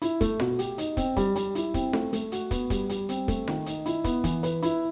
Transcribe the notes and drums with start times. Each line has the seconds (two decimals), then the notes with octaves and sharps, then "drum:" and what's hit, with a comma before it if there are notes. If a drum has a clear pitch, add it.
0.02 E4, drum: hi-hat
0.21 A3, drum: kick, hi-hat
0.40 B2, drum: snare F4
0.59 G4, drum: hi-hat
0.78 D#4, drum: hi-hat
0.97 C4, drum: kick, hi-hat
1.16 G3, drum: kick, hi-hat
1.36 G3, drum: hi-hat
1.55 E4, drum: hi-hat
1.74 C4, drum: kick, hi-hat
1.93 A3, drum: snare F4
2.13 A3, drum: hi-hat
2.32 F#4, drum: hi-hat
2.51 B3, drum: kick, hi-hat
2.70 G3, drum: kick, hi-hat
2.89 G3, drum: hi-hat
3.09 C4, drum: hi-hat
3.28 A3, drum: kick, hi-hat
3.48 D#3, drum: snare F4
3.66 D#4, drum: hi-hat
3.86 E4, drum: hi-hat
4.04 B3, drum: kick, hi-hat
4.24 E3, drum: kick, hi-hat
4.43 B4, drum: hi-hat
4.63 E4, drum: hi-hat